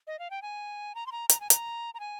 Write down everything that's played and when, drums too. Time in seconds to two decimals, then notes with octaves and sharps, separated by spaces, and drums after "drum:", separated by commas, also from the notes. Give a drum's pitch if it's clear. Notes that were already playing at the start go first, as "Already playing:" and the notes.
0.07 D#5
0.19 F5
0.30 G5
0.42 G#5
0.95 A#5
1.06 C6
1.12 A#5
1.29 A#5, drum: hi-hat
1.41 G#5
1.50 A#5, drum: hi-hat
1.94 A#5
2.00 G#5